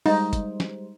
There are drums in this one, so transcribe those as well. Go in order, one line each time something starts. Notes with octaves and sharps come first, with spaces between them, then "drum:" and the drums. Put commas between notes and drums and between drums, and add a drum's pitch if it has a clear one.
G3 G#3 D#4 C5, drum: open hi-hat
drum: kick, hi-hat
drum: snare